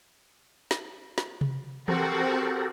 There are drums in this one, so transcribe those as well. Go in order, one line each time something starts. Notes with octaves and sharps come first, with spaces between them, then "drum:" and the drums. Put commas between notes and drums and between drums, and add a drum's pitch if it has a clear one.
drum: snare
drum: snare
drum: tom C3
C4 F#4 G4 A4 A#4, drum: tom E3